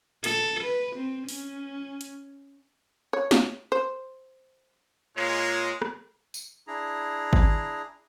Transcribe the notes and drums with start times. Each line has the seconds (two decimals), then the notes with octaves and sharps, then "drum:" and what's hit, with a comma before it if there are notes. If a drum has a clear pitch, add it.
0.24 A4, drum: cymbal
0.64 B4
0.96 C4
1.29 C#4, drum: open hi-hat
2.01 drum: hi-hat
3.13 C#5
3.31 drum: snare
3.72 C5
5.17 A#2 G#3 F4 C#5
5.82 drum: rim click
6.34 drum: tambourine
6.67 D4 E4 G#4 A#5
7.33 drum: kick G#1